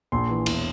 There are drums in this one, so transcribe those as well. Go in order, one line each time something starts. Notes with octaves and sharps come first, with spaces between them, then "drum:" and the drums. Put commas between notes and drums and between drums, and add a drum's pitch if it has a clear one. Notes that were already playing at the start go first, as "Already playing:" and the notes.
A#1 C6
E3
E1, drum: cymbal